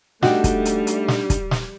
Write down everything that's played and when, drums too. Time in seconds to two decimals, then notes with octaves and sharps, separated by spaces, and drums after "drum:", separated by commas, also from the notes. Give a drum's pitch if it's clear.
0.22 G3 A3 D4 D#4 F#4 G5, drum: snare
0.44 drum: kick, hi-hat
0.65 drum: hi-hat
0.87 drum: hi-hat
1.08 drum: snare
1.30 drum: kick, hi-hat
1.51 drum: snare